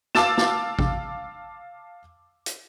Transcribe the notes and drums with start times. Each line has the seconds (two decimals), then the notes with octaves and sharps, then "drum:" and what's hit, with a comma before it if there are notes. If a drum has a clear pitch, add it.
0.15 F5 A5 D6 E6 A6 E7, drum: snare
0.37 drum: snare
0.79 drum: kick A1
2.46 drum: hi-hat